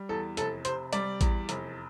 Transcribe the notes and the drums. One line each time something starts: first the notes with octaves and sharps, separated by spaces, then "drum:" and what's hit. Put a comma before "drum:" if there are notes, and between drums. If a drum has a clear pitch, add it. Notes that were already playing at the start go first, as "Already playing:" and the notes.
Already playing: G3
E2 A4
F1 A4, drum: hi-hat
C3 C5, drum: hi-hat
G3 D5, drum: hi-hat
E2, drum: kick A1, hi-hat
F1, drum: hi-hat